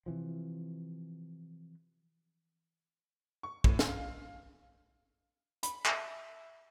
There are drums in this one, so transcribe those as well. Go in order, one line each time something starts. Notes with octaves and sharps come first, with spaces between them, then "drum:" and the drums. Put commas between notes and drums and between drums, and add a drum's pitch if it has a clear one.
C3 E3 F3
C#6
A2, drum: kick
F5, drum: snare
B5, drum: hi-hat
E5, drum: clap